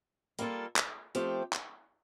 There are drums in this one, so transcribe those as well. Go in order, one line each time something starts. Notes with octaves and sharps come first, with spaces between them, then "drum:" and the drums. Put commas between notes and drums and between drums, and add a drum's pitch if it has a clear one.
G3 A#3 F4 A4, drum: hi-hat
drum: clap
F3 A3 C4 G4, drum: hi-hat
drum: clap